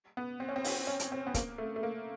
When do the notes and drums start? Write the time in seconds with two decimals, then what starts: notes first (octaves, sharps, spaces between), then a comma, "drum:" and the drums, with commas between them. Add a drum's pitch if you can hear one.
0.17 B3
0.40 C4
0.49 C#4
0.56 C4
0.64 C#4, drum: open hi-hat
0.87 C#4
0.99 drum: hi-hat
1.12 C4
1.27 B3
1.34 A#3, drum: kick, hi-hat
1.58 A3
1.76 A3
1.83 A#3